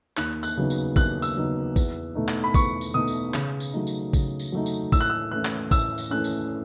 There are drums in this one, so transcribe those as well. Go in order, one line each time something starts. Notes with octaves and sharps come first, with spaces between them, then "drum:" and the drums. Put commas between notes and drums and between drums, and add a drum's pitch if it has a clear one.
D#2 F#6, drum: clap
F#6, drum: tambourine
C#3 F#3 B3 D#4
drum: tambourine
D#2 F#6, drum: kick, tambourine
E6, drum: tambourine
C#3 F#3 B3 D#4
E2, drum: kick, tambourine
B2 A3 D#4
drum: clap
B5
E2 C#6, drum: kick, tambourine
drum: tambourine
B2 A3 D#4 D#6
drum: tambourine
C#3, drum: clap
drum: tambourine
F#3 A3 D#4
drum: tambourine
C#3, drum: kick, tambourine
drum: tambourine
F#3 A3 D#4
drum: tambourine
A2 E6, drum: kick, tambourine
F#6
E6
E3 A3 C#4 F#6
drum: clap
A2 E6, drum: kick, tambourine
drum: tambourine
E3 A3 C#4 F#6
drum: tambourine